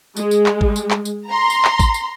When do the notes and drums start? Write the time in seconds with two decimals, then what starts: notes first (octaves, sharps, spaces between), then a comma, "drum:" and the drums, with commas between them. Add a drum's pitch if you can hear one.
0.16 G#3, drum: tambourine
0.31 drum: tambourine
0.46 drum: clap
0.61 drum: kick G#1
0.76 drum: tambourine
0.91 drum: clap
1.05 drum: tambourine
1.28 A#5 C6
1.50 drum: tambourine
1.65 drum: clap
1.79 drum: kick G#1, tambourine
1.94 drum: tambourine